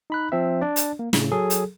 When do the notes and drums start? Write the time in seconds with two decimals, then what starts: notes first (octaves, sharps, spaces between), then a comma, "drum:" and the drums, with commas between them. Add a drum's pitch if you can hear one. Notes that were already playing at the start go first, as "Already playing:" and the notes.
0.10 D#4 B5 F#6
0.32 F3 C4 E5
0.61 D4 D5
0.76 drum: hi-hat
0.99 A#3
1.13 A2 C#3, drum: snare
1.31 F#3 G#4 A4
1.50 drum: hi-hat